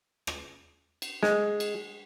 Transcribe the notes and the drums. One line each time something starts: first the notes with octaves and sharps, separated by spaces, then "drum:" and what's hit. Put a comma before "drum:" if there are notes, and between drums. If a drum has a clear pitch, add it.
drum: rim click
drum: cymbal
G#3, drum: snare
drum: cymbal